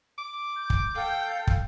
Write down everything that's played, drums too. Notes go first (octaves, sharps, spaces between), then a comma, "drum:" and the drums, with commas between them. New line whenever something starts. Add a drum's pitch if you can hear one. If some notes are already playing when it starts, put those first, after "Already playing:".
D6
G6
drum: kick
A4 F5 G5
drum: kick